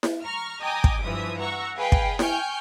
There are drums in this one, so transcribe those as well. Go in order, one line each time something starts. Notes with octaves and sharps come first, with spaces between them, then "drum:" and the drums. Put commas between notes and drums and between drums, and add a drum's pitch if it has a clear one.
drum: snare E4
A#5 C#6 F6
D#5 G5 G#5 A#5 D6 D#6
drum: kick
G2 E3 F3 E5 D#6
F#5 A#5 C#6 E6
G#4 B4 D#5 F5 G5
drum: kick
G5 G#5 C#6 F6 G6, drum: snare E4